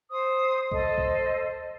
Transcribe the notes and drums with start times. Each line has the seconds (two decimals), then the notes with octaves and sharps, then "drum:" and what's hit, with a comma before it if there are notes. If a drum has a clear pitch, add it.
0.11 C5 D#6
0.72 A4 C5 D#5, drum: kick B1
0.98 drum: kick B1